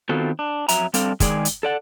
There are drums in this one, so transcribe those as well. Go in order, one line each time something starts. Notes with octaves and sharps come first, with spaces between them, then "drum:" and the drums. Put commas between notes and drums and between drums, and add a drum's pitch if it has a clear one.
D#3 B3 C4 F4 F#4 A4
D4
F2 F#3 E5 A#5, drum: hi-hat
G3 C4 D4 A4 F5, drum: hi-hat
D#3 G#3 G#4 D5, drum: kick, hi-hat
drum: hi-hat
A4 D5 F#5